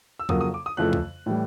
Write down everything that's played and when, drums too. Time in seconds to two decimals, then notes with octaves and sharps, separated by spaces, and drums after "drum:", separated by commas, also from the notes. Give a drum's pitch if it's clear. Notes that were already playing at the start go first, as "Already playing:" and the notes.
0.19 E6
0.29 F2 C#3 F#3 A#3 D#6, drum: kick
0.41 D#6
0.54 D6
0.66 D#6
0.77 F2 C#3 E3 A3 F#6
0.93 drum: kick
1.26 A2 E3 G3